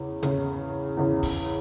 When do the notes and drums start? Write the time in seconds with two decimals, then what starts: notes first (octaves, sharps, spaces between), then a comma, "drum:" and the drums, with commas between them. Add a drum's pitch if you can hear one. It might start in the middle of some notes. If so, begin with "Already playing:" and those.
Already playing: E2 C#3
0.23 E2 C#3 E3, drum: hi-hat
0.97 E2 C#3 E3
1.23 drum: kick, open hi-hat